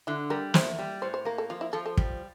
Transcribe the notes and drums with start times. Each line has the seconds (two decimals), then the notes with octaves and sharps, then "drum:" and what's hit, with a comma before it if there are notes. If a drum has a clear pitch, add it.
0.07 D3 E4
0.30 G3 A#4
0.54 E2 C5, drum: snare
0.79 G3
1.02 A2 C5
1.14 C5
1.25 A#3 A#4
1.38 A4
1.50 F3 F4
1.61 E4
1.73 F3 A4
1.86 A4
1.97 G3, drum: kick